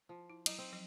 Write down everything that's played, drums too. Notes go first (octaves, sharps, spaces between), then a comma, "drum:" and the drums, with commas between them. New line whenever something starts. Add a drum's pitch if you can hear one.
F3
E4
F#3 D#4 E4, drum: cymbal
C4
F3 F#3 C5